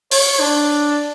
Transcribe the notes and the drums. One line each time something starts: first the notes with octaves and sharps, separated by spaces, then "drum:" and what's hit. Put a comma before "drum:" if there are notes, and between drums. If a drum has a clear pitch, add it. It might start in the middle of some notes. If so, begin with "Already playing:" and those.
C#5, drum: open hi-hat
D4